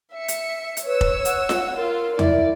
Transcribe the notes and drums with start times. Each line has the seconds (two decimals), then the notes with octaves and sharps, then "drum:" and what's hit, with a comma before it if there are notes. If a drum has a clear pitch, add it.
0.13 E5 C#7
0.28 drum: hi-hat
0.77 drum: hi-hat
0.86 B4 C#5 E6
1.01 drum: kick
1.25 F#5, drum: hi-hat
1.49 drum: snare F4
1.77 F4 A#4
2.19 E4 D5, drum: tom E2